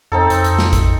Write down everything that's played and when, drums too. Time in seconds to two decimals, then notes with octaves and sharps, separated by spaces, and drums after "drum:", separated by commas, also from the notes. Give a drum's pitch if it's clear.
0.12 F2 C4 D#4 A4
0.30 F2, drum: hi-hat
0.44 drum: hi-hat
0.59 drum: snare
0.73 drum: kick, hi-hat